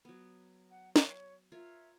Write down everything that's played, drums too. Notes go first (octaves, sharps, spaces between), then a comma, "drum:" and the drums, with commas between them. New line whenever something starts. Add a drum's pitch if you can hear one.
F#3 B3
F#5
C#5, drum: snare
F4 A#4 C#5 E5